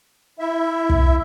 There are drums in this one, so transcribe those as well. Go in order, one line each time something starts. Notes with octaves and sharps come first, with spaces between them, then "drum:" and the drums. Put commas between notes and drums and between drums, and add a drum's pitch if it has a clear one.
E4 E5
drum: kick